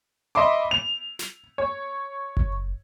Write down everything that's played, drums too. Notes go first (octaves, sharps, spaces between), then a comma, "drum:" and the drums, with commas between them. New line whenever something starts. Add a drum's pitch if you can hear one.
D#5 E5 B5 C6 D6
F7
drum: snare
C#5
drum: kick F#1